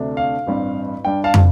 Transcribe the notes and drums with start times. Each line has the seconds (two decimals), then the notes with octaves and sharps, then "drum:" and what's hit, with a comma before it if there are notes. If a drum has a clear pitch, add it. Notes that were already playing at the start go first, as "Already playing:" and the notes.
Already playing: D2 C3 A3 D4
0.17 F5
0.47 A1 G2 G3 C4
1.05 G2 G3 D4 G5
1.24 F5 A5
1.34 drum: tom